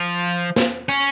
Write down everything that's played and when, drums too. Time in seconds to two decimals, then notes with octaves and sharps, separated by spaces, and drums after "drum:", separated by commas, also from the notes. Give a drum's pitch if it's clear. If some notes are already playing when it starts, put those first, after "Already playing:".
Already playing: F3
0.56 drum: snare
0.89 C#4